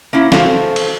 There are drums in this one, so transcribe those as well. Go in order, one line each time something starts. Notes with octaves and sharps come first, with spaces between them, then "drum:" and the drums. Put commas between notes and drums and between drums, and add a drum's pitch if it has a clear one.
A#3 C#4 E4
F#4 A4 C5 F5, drum: snare
drum: cymbal